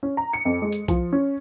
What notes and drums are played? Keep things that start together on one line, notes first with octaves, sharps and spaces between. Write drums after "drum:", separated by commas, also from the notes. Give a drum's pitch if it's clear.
C#4
A#5
C#7
F2
G#3
drum: hi-hat
F3, drum: kick, hi-hat
C#4